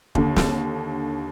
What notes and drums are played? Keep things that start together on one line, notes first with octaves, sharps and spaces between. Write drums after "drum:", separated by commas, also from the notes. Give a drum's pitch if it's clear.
D#2 D3, drum: kick
drum: snare